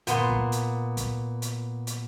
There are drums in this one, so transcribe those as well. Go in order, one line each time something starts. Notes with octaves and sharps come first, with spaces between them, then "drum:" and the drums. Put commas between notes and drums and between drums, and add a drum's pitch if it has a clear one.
A#2 B3 C6, drum: hi-hat
drum: kick
drum: hi-hat
drum: kick, hi-hat
drum: hi-hat
drum: hi-hat